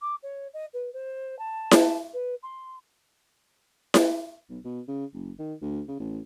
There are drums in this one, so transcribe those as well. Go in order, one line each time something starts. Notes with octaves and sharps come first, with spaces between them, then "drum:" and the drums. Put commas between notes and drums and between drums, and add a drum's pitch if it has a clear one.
D6
C#5
D#5
B4
C5
A5
drum: snare E4
B4
C6
drum: snare E4
B1
B2
C#3
F#1
D#3
D2
C#3
A1